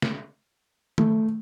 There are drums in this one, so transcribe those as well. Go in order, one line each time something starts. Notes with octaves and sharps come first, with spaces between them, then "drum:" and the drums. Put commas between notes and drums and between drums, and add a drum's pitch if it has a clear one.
drum: snare
A3, drum: tom D#3